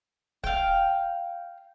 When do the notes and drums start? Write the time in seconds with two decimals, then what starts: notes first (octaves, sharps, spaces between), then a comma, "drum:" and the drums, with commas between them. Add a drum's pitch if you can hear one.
0.44 F5 G5, drum: kick